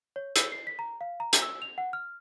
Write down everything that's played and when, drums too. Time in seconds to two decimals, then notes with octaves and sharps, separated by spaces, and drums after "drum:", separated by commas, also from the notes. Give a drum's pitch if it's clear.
0.16 C#5
0.36 E6, drum: hi-hat
0.52 C7
0.67 B6
0.79 A#5
1.01 F5
1.20 A#5
1.33 drum: hi-hat
1.42 E6
1.62 F7
1.78 F#5
1.93 F6